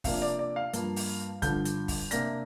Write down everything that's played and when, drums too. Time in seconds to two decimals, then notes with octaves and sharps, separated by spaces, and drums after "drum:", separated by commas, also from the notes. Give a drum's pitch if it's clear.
0.04 C3 F3 A#3 D4 F5, drum: kick, open hi-hat
0.22 D5
0.39 D5
0.56 F5
0.73 G2 F3 A#3, drum: hi-hat
0.96 drum: open hi-hat
1.42 G2 D3 F3 G6, drum: kick, hi-hat
1.65 drum: hi-hat
1.88 drum: kick, open hi-hat
2.11 C3 A#3 D4 A#6, drum: hi-hat